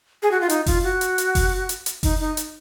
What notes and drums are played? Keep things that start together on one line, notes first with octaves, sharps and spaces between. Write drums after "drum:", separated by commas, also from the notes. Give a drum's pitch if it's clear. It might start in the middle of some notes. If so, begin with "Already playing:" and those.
G#4
F#4
F4
D#4, drum: hi-hat
F4, drum: kick F#1, open hi-hat
F#4
drum: hi-hat
drum: hi-hat
drum: kick F#1, open hi-hat
drum: hi-hat
drum: hi-hat
D#4, drum: kick F#1, open hi-hat
D#4
drum: hi-hat